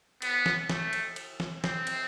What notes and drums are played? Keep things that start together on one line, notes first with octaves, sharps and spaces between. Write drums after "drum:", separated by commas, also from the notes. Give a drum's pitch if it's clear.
B3, drum: cymbal
drum: snare
A3, drum: snare
drum: cymbal
drum: cymbal
drum: snare
C4, drum: snare
drum: cymbal